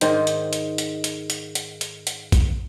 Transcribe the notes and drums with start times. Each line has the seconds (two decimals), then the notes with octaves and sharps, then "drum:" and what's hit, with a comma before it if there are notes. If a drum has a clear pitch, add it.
0.01 G#2 D#3 C5, drum: hi-hat
0.27 drum: hi-hat
0.53 drum: hi-hat
0.78 drum: hi-hat
1.04 drum: hi-hat
1.30 drum: hi-hat
1.55 drum: hi-hat
1.81 drum: hi-hat
2.07 drum: hi-hat
2.32 drum: kick, hi-hat